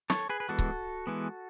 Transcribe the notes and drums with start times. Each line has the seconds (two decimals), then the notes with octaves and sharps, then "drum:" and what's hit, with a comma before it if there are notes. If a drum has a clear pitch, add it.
0.10 A4 C#5, drum: snare
0.29 G#4 B4
0.40 B4
0.49 E3 G#3 B3 F#4 A4
0.59 drum: kick C#1
1.07 E3 G#3 B3